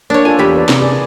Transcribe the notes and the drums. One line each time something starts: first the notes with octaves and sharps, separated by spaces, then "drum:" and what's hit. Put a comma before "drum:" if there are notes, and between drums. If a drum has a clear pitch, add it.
A#3 D4 C#5
F4 A4 D5 G#5
E2 G4 B5
B4 D5
C3, drum: snare
G#4 D5